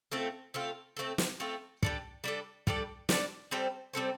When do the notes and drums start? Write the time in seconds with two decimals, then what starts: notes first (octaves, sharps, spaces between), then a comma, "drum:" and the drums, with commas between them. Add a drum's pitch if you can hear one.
0.12 A3 C4 F4 A4
0.54 A3 C4 F4 A4
0.97 A3 C4 F4 A4
1.18 drum: snare
1.40 A3 C4 F4 A4
1.83 G3 D4 A4 D5, drum: kick
2.24 G3 D4 A4 D5
2.67 G3 D4 A4 D5, drum: kick
3.09 G3 D4 A4 D5, drum: snare
3.51 G3 C4 A4 C5
3.93 G3 C4 A4 C5